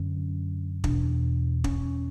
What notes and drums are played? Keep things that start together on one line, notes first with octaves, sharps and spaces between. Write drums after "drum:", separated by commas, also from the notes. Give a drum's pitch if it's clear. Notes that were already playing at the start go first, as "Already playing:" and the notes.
Already playing: F#2 D3 C#4
E2 B2 D4, drum: kick
C#4, drum: kick